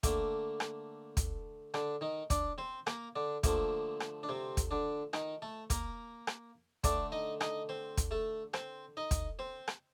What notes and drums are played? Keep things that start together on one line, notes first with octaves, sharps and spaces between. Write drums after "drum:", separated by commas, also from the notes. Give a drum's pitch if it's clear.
D3 A3 A#3, drum: kick, hi-hat
drum: rim click
drum: kick, hi-hat
D3 D4, drum: rim click
D#3 D#4
D4 D5, drum: kick, hi-hat
C4 C5
A#3 A#4, drum: rim click
D3 D4
D3 F3 A3 A#3, drum: kick, hi-hat
drum: rim click
D4
C3 C4
drum: kick, hi-hat
D3 D4
D#3 D#4, drum: rim click
A3 A4
A#3 A#4, drum: kick, hi-hat
drum: rim click
D3 A3 D4 D5, drum: kick, hi-hat
D#4 D#5
D#4 D#5, drum: rim click
C4 C5
drum: kick, hi-hat
A3 A4
C4 C5, drum: rim click
D#4 D#5
drum: kick, hi-hat
C4 C5
drum: rim click